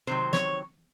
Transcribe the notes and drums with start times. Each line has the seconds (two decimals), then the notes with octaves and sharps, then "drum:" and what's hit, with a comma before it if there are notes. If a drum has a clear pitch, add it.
0.07 C3 D#3 F#3 C5
0.33 C#5, drum: snare